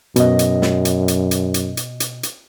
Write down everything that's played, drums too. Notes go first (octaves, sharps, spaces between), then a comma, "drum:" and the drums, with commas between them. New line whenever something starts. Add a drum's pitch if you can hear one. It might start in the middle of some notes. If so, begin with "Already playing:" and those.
F#2 B2 D#5, drum: hi-hat
drum: hi-hat
drum: snare
drum: hi-hat
drum: hi-hat
drum: hi-hat
drum: hi-hat
drum: hi-hat
drum: hi-hat
drum: hi-hat